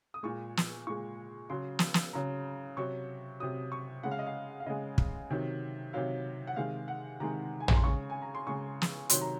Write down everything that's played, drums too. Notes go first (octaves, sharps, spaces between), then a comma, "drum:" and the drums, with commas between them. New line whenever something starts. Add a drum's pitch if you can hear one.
D#6
A#2 G#3 C#6
drum: snare
A#2 G#3 C#6
C#3 F#3 C6
drum: snare
drum: snare
C#3 F#3 A#5
C3 F#3 C#6
C3 F#3 D#6
C#6
C#3 G#3 F#5
F5
D#5
F5
F5
C#3 G#3 D#5
drum: kick
C3 D#3 F#3
C3 D#3 F#3 F5
F#5
C3 D#3 G#3 F5
F#5
C3 D#3 G#3 A#5
G#5
A#5, drum: tom
C6
C#3 G#3 C#6
G#5
A#5
C6
C#3 G#3 C#6
drum: snare
C3 D#3 F#3 C6, drum: hi-hat
A#5